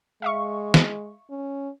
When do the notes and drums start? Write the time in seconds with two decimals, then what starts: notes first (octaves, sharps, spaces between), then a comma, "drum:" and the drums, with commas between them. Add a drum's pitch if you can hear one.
0.22 G#3 E5 F5 C#6
0.74 drum: snare
1.30 C#4